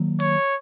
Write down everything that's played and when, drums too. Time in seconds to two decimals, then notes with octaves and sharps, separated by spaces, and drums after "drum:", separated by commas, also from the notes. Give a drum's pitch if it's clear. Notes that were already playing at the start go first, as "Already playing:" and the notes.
Already playing: D#3 F#3 A#3
0.20 C#5, drum: open hi-hat